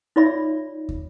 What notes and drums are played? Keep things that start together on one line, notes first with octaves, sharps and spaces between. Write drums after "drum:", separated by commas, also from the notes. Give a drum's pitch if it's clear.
D#4 F4 C#5 D5 E5 B5
drum: kick